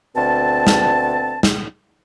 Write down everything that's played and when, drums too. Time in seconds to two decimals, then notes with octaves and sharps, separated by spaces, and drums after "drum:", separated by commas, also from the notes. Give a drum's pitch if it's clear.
0.16 D2 B2 C4 A5
0.67 drum: snare
1.43 drum: snare